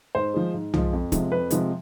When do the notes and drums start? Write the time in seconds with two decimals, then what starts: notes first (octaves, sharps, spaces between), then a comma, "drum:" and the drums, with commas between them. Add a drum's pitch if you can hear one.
0.15 G#2 C5
0.34 F3 G#3
0.54 G#2
0.74 F3 G#3, drum: tom
0.93 F2
1.12 C3 F3 G#3, drum: kick, hi-hat
1.32 F2 B4
1.50 C3 F3 G#3, drum: hi-hat